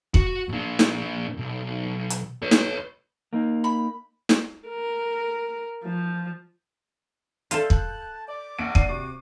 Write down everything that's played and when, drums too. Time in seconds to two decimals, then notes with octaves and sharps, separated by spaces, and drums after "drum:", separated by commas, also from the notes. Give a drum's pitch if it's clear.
0.14 F#4, drum: kick
0.49 A#2 D4
0.79 drum: snare
1.37 B1
2.10 drum: hi-hat
2.42 B4 C#5
2.51 drum: snare
3.33 A#3 D#4
3.64 B5
4.29 drum: snare
4.68 A#4
5.84 F3
7.51 F4 A4 D5 E5 G6, drum: hi-hat
7.70 A5 F#6, drum: kick
8.28 D5 D6
8.59 A#1 F#5 D7
8.75 D4 C7 D#7, drum: kick
8.89 C3 F#4 D6